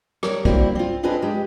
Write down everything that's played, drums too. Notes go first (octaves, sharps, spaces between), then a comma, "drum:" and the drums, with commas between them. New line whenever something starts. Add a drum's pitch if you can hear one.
G3 A#4 C#5, drum: rim click
G3 A#3 C4 D4 E4 F#4, drum: kick
C4 F4
C4 D4 F4 G#4 B4 D#5
G#3 G4